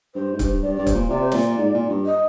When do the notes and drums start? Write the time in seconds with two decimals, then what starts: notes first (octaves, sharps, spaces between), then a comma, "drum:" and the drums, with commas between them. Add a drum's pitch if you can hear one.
0.15 G2 C5
0.33 G#2
0.39 G2, drum: kick C#1, hi-hat
0.62 G2 D5
0.75 D5
0.79 G2
0.87 C5, drum: kick C#1, hi-hat
0.95 A#2
1.10 C3 D5
1.21 C5
1.32 A#2 D5, drum: snare
1.58 G#2
1.74 A#2
1.90 G2
2.06 D#5